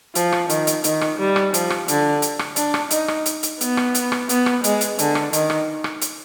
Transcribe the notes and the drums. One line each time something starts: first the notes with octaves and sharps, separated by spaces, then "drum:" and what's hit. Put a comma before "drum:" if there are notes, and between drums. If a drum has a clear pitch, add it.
F3, drum: hi-hat
drum: rim click
D#3, drum: hi-hat
drum: hi-hat
D#3, drum: hi-hat
drum: rim click
G3
drum: rim click
F3, drum: hi-hat
drum: rim click
D3, drum: hi-hat
drum: hi-hat
drum: rim click
D4, drum: hi-hat
drum: rim click
D#4, drum: hi-hat
drum: rim click
drum: hi-hat
drum: hi-hat
B3, drum: hi-hat
drum: rim click
drum: hi-hat
drum: rim click
B3, drum: hi-hat
drum: rim click
G#3, drum: hi-hat
drum: hi-hat
D3, drum: hi-hat
drum: rim click
D#3, drum: hi-hat
drum: rim click
drum: rim click
drum: hi-hat